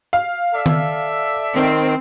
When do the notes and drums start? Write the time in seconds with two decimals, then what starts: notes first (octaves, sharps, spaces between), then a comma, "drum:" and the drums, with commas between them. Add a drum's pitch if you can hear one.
0.13 F5
0.54 A4 D5 E5
0.66 drum: tom D#3
1.56 D#3 C4